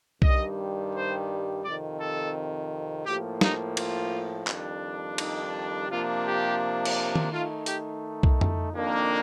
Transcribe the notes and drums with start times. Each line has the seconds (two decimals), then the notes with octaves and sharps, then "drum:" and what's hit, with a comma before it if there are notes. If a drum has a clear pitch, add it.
0.22 G2 D#3 G3 D#5, drum: kick B1
0.93 C5
1.64 F2 C3 D#3 D5
1.99 A4
3.05 A2 F3 A#3 G4
3.41 D#4, drum: snare
3.77 F4, drum: cymbal
4.47 F2 D#3 G3 D4, drum: clap
5.18 D#4, drum: cymbal
5.89 C3 F3 A#3 D4 F4
6.25 G4
6.85 drum: cymbal
7.15 drum: tom D#3
7.31 D#3 A3 D#4 F4
7.66 G4, drum: hi-hat
8.23 drum: kick B1
8.41 drum: tom F2
8.73 F2 D#3 A#3 D4